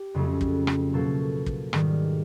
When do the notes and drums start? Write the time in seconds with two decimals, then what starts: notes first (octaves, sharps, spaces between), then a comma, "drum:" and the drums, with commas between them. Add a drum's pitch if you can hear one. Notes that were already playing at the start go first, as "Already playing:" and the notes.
Already playing: G4
0.14 F2 C#3 F#3 A3
0.41 drum: kick
0.67 drum: rim click
0.93 B2 F#3 A#3 A4
1.46 drum: kick
1.73 G#2 D#3 G3, drum: rim click